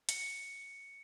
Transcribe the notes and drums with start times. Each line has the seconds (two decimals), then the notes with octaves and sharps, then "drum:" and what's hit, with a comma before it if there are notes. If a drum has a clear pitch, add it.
0.09 C#7, drum: hi-hat